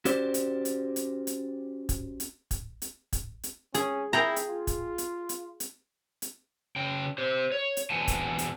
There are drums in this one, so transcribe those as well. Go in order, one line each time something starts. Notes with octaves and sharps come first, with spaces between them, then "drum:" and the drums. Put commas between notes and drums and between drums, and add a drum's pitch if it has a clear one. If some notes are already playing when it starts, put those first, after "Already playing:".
C#4 F#4 G4 C5 D5, drum: hi-hat
drum: hi-hat
drum: hi-hat
drum: hi-hat
drum: hi-hat
drum: kick, hi-hat
drum: hi-hat
drum: kick, hi-hat
drum: hi-hat
drum: kick, hi-hat
drum: hi-hat
C#4 G#4, drum: hi-hat
E4 G#4 G5 A#5
drum: hi-hat
F4
drum: kick, hi-hat
drum: hi-hat
drum: hi-hat
drum: hi-hat
drum: hi-hat
C#3 G5
G4 C5
C#5
drum: hi-hat
E2 B2 F#5 G#5 A5
drum: kick, hi-hat
drum: hi-hat